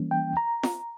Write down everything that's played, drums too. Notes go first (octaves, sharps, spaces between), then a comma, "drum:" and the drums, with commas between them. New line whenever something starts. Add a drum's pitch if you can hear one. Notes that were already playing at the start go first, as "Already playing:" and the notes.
Already playing: E3 G3 A#3 C#4
G5
A#5
drum: snare F4